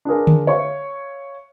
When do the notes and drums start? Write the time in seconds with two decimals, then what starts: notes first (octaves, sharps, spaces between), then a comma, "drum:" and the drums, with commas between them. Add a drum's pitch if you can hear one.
0.05 D4 F4 G#4 A#4
0.27 drum: tom D3
0.47 C#5 E5 F5 C#6